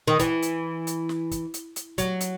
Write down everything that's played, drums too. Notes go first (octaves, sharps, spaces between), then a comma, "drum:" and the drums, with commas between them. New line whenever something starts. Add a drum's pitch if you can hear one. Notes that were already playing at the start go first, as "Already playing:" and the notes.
D#3
E3, drum: kick, hi-hat
drum: hi-hat
drum: hi-hat
drum: snare
drum: kick, hi-hat
drum: hi-hat
drum: hi-hat
F#3, drum: kick, hi-hat
drum: hi-hat